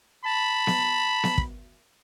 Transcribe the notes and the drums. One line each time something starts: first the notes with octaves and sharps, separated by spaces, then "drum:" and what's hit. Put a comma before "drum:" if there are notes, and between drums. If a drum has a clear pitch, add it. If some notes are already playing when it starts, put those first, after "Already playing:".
A5 B5
drum: snare B3
drum: snare B3
drum: kick